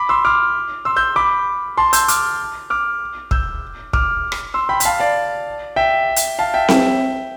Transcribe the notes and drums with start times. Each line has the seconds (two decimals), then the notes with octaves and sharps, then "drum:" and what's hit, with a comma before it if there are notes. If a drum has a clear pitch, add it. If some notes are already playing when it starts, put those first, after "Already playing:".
Already playing: B5 D6
0.09 C6 E6
0.25 D6 F6
0.85 C6 E6
0.96 E6 G6
1.16 B5 D6
1.77 A5 C6
1.93 E6 G6, drum: hi-hat
2.08 D6 F6, drum: hi-hat
2.70 D6 F6
3.31 E6 G6, drum: kick
3.93 D6 F6, drum: kick
4.32 drum: rim click
4.54 C6 E6
4.69 G5 B5
4.80 B5, drum: hi-hat
4.85 F5 A5
5.00 D5 F5
5.76 E5 G5
6.16 drum: hi-hat
6.39 F5 A5
6.54 E5 G5
6.68 E5 G5, drum: snare C4